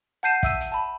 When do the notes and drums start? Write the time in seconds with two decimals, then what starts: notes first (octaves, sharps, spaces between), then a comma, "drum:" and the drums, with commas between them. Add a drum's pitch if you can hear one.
0.23 F#5 A5 G6 C7 D#7 E7
0.43 E5 E6 D#7, drum: kick, hi-hat
0.60 drum: hi-hat
0.72 A5 B5